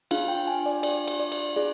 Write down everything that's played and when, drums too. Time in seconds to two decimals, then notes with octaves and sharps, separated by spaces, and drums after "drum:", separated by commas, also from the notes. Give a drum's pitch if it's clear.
0.11 D4 F4 G#4 F5, drum: cymbal
0.28 G5
0.47 G#5
0.66 D5
0.83 D5, drum: cymbal
1.08 drum: cymbal
1.20 D5
1.32 drum: cymbal
1.56 F4 G#4 D5